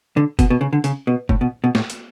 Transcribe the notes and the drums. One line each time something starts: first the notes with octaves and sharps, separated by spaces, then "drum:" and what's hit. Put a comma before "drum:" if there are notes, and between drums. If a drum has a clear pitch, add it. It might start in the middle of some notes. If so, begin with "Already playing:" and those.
D3
B2, drum: kick F#1, hi-hat
B2
C#3
D3
C#3, drum: hi-hat
B2
A2, drum: kick F#1
B2
B2
A2, drum: snare
drum: hi-hat